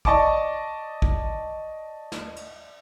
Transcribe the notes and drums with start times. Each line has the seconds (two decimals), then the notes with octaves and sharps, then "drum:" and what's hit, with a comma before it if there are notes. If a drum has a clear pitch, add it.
0.05 D5 D#5 A5 C#6 D6, drum: kick
1.02 drum: kick
2.12 drum: snare
2.36 drum: cymbal